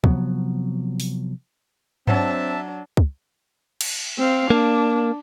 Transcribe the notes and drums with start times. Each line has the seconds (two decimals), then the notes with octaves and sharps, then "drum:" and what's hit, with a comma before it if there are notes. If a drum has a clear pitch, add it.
0.04 C3 F3 F#3 B3, drum: kick
1.00 drum: open hi-hat
2.07 F#3 C4 D4 E5 A5, drum: tom G2
2.97 drum: kick
3.81 drum: cymbal
4.19 C4 F5
4.50 A#3 D4